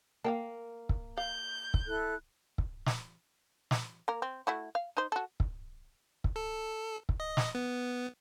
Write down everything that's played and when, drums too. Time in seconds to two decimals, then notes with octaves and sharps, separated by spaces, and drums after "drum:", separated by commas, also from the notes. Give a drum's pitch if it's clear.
0.24 A#3 F5 G5 A5
0.89 drum: kick
1.17 F5 G6
1.74 drum: kick
1.86 E4 A4 F#6
2.58 drum: kick
2.86 drum: snare
3.71 drum: snare
4.08 A#3 A#4
4.22 C4
4.47 A3 E4 F#4
4.75 F5
4.97 D#4 C5
5.12 F#4 A4
5.40 drum: kick
6.24 drum: kick
6.36 A4
7.09 drum: kick
7.20 D#5
7.37 drum: snare
7.55 B3